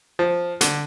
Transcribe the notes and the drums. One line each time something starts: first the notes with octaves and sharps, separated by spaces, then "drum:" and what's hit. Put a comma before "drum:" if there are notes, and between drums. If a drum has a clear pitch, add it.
F3
D3, drum: hi-hat